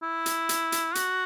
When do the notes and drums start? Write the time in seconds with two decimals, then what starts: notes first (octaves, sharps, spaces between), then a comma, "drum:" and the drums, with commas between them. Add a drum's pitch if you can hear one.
0.03 E4
0.26 drum: hi-hat
0.49 drum: hi-hat
0.72 drum: hi-hat
0.95 F#4, drum: hi-hat